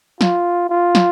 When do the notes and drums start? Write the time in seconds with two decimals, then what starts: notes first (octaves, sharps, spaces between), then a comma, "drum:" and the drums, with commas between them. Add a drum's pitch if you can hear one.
0.21 F4, drum: snare
0.70 F4
0.95 drum: snare